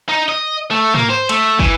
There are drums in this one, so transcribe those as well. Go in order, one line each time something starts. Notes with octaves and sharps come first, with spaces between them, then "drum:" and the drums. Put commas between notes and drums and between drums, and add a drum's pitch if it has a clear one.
D#4
D#5
A3
A#3, drum: tom
C5
A3, drum: cymbal
E3, drum: kick